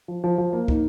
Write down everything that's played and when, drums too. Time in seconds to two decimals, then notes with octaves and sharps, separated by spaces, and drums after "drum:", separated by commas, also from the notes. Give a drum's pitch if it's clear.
0.08 F3
0.24 F3
0.38 F3
0.53 A#3
0.68 D#4, drum: kick